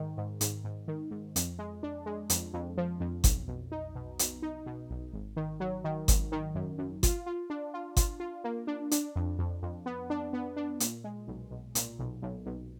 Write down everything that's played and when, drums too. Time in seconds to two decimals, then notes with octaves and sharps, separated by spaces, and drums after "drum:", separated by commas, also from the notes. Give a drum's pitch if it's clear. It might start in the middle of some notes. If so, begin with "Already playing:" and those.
Already playing: G#2 D#3
0.18 G#2
0.41 G#2, drum: hi-hat
0.64 G#2
0.88 D#3
1.11 G#2
1.36 F2, drum: hi-hat
1.59 G#3
1.83 D4
2.06 G#3
2.30 F2, drum: hi-hat
2.54 F2
2.77 F3
3.00 F2
3.24 B1, drum: kick G1, hi-hat
3.48 B1
3.72 D#4
3.95 B2
4.19 B2, drum: hi-hat
4.42 D#4
4.66 B2
4.90 B1
5.13 G#1
5.36 D#3
5.60 F#3
5.84 D#3
6.08 G#1, drum: kick G1, hi-hat
6.32 D#3
6.55 F#2
6.78 F#2
7.03 F4, drum: kick G1, hi-hat
7.26 F4
7.50 D4
7.74 F4
7.97 F4, drum: kick G1, hi-hat
8.20 F4
8.44 A#3
8.67 D4
8.91 D4, drum: hi-hat
9.16 F2
9.39 F2
9.63 F2
9.86 B3
10.10 D4
10.33 B3
10.57 D4
10.80 A#2, drum: hi-hat
11.04 G#3
11.28 B1
11.51 B1
11.75 A#2, drum: hi-hat
11.99 B1
12.23 B1
12.46 B1